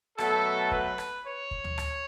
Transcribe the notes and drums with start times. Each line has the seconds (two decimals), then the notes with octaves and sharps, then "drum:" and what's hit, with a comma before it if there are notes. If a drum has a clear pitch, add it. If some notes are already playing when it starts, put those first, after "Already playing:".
0.18 B2 F#3 A3 A4, drum: rim click
0.71 B4, drum: kick
0.98 drum: rim click
1.24 C#5
1.51 drum: kick
1.64 drum: tom D2
1.78 drum: rim click